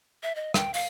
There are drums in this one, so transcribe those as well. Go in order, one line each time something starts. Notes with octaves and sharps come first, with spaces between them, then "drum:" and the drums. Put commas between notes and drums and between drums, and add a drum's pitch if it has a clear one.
E5
D#5
G5, drum: rim click
F5, drum: open hi-hat